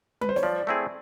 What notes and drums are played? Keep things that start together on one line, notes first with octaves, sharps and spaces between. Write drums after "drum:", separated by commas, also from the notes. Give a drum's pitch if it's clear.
B4, drum: tom G3
C5
C#5, drum: snare
F3 D5
A3 C4 E4 G#4